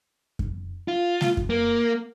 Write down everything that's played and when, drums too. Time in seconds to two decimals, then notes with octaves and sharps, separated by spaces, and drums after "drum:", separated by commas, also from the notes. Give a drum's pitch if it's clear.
0.39 drum: kick F#2
0.88 F4
1.21 drum: snare G#3
1.37 drum: kick F#2
1.50 A#3